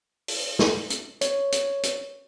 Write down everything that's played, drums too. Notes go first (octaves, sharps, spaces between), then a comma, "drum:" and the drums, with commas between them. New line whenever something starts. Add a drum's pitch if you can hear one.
drum: open hi-hat
drum: snare
drum: hi-hat
C#5, drum: hi-hat
drum: hi-hat
drum: hi-hat